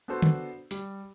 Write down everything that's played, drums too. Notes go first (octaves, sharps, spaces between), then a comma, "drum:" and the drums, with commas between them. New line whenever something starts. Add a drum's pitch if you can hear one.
B3 D4 F#4 A4 C5
drum: tom D3
G3, drum: hi-hat